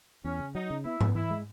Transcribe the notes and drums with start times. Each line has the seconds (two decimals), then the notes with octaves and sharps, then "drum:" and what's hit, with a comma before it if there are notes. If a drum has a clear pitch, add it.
0.24 E2 C#4
0.39 C#3
0.55 F#3 D#4
0.70 C#3
0.84 B3 E4
1.01 B3, drum: tom G#2
1.15 E3 E4
1.31 G#3